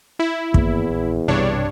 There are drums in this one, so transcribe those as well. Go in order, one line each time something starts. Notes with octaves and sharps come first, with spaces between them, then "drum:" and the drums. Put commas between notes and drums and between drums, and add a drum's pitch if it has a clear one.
E4
E2 G2 D#3 A#3, drum: kick
A#1
B1 G2 C3 D4 C#5